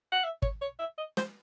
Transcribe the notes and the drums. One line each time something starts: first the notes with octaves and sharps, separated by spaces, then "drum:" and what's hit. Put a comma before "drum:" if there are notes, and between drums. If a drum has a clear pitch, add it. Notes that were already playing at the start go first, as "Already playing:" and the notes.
F#5
E5
C#5, drum: kick
C#5
E5
D#5
C5, drum: snare